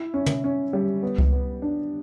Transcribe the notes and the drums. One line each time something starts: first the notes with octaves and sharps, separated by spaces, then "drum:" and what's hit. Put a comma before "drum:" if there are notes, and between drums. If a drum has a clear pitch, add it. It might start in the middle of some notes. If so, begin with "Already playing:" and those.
Already playing: E4
C#4
drum: tom
C#4
G3
B3
drum: kick C#2
B3
D4